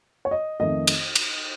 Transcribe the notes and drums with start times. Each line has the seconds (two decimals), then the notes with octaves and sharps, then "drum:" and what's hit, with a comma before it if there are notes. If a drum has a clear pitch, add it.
0.25 C#5
0.31 D#5
0.60 F2 D#3 A3 D#5
0.87 drum: cymbal
1.15 drum: cymbal